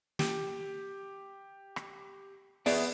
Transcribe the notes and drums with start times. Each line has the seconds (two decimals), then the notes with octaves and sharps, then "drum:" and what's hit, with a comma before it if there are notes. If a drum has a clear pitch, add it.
0.19 G4, drum: snare
1.76 drum: rim click
2.66 B3 G#4 D5 E5, drum: open hi-hat